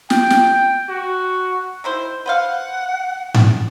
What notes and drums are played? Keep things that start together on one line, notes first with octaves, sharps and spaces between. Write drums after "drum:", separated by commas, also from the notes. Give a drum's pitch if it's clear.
G5, drum: snare
drum: snare
F#4
D#3 E4 C5
B4 C5 F5 F#5
drum: tom G#2